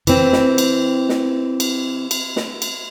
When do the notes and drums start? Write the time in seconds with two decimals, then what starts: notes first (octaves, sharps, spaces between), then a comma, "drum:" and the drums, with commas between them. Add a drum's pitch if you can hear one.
0.07 E3 C4, drum: cymbal
0.33 drum: snare
0.58 drum: cymbal
1.09 drum: snare
1.60 drum: cymbal
2.11 drum: cymbal
2.36 drum: snare
2.62 drum: cymbal